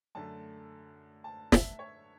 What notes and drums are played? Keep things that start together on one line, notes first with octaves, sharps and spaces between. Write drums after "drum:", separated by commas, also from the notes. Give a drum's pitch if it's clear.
F#2 D3 A3 A5
A5
E5, drum: snare
C#5